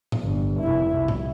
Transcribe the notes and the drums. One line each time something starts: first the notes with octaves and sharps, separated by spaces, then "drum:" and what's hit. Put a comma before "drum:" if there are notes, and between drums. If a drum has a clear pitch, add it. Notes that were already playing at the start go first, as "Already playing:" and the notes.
drum: tom A2
G1
F1 E4
C2
drum: tom A2